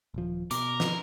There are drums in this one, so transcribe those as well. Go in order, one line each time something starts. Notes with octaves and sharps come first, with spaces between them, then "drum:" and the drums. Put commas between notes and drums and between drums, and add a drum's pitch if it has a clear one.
D#1 F3
B2 A#4 D6, drum: hi-hat
drum: snare